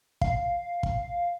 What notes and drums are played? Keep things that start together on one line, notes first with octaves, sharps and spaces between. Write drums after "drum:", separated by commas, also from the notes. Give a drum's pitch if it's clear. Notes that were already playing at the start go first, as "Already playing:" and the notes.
F5, drum: kick
drum: kick